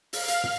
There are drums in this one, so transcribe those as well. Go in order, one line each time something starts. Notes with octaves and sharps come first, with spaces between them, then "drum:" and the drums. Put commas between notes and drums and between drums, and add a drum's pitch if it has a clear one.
F5, drum: open hi-hat
drum: hi-hat
drum: tom